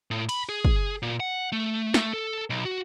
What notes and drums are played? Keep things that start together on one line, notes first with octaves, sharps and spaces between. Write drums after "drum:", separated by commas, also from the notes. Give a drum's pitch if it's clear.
A2
B5, drum: cymbal
G#4
drum: kick
A#2
F#5
A3
A3, drum: snare
A4
B1
F#4